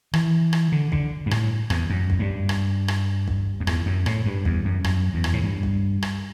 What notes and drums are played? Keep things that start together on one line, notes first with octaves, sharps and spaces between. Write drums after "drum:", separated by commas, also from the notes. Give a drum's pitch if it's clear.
E3, drum: rim click
drum: rim click
D3
D3, drum: kick
G2
A2, drum: rim click
E2, drum: rim click
F#2
drum: kick
G2
drum: rim click
drum: rim click
drum: kick
F#2
E2, drum: rim click
F#2
A2, drum: rim click
G2
E2, drum: kick
F#2
F#2, drum: rim click
E2
drum: rim click
A2
G2
drum: kick
drum: rim click